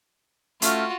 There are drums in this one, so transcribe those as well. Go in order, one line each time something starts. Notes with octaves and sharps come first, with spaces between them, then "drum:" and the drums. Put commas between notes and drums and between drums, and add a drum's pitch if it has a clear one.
A3 C#4 F4 F#4 C5, drum: hi-hat